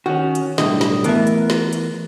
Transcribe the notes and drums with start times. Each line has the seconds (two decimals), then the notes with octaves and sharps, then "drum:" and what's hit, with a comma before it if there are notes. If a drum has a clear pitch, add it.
0.06 D#3 C#4 F#4
0.35 drum: hi-hat
0.58 B1 A2 D3 G3 D#5, drum: snare
0.81 drum: snare
1.04 E3 A3 B3 A#4 E5, drum: hi-hat
1.27 drum: hi-hat
1.50 drum: snare
1.73 drum: hi-hat